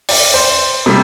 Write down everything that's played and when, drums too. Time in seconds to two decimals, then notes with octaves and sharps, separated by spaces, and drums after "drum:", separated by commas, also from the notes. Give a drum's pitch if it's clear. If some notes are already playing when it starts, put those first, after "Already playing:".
0.09 D5, drum: open hi-hat
0.34 C5
0.86 C3 G3